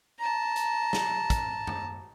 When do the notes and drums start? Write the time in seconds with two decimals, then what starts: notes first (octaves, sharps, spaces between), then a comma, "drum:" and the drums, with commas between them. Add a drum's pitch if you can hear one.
0.19 A5 A#5
0.56 drum: hi-hat
0.93 drum: snare
1.30 drum: kick, hi-hat
1.67 drum: tom F#2